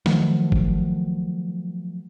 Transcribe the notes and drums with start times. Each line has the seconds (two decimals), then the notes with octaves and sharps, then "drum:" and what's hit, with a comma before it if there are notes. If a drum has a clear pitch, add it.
0.06 D#3 F3 F#3 A3, drum: snare
0.52 drum: kick G1